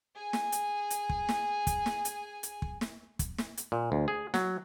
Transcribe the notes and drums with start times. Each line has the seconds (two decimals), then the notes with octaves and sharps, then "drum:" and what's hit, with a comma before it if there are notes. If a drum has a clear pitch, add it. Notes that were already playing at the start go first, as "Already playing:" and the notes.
0.15 G#4 G#5
0.33 drum: snare
0.52 drum: hi-hat
0.90 drum: hi-hat
1.10 drum: kick
1.29 drum: snare
1.67 drum: kick, hi-hat
1.86 drum: snare
2.05 drum: hi-hat
2.43 drum: hi-hat
2.62 drum: kick
2.81 drum: snare
3.19 drum: kick, hi-hat
3.38 drum: snare
3.57 drum: hi-hat
3.72 A#2
3.92 D2
4.08 G#4
4.34 F#3, drum: snare